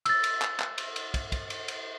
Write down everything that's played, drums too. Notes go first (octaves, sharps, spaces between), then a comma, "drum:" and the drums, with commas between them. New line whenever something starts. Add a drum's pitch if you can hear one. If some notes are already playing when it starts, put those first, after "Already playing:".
E6 A6, drum: cymbal
drum: cymbal
drum: clap
drum: clap
drum: cymbal
drum: cymbal
drum: kick, cymbal
drum: kick, cymbal
drum: cymbal
drum: cymbal